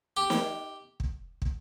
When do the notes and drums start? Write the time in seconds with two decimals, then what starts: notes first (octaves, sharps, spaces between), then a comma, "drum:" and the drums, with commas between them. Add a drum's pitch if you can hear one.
0.17 G4
0.30 drum: snare
1.00 drum: kick
1.42 drum: kick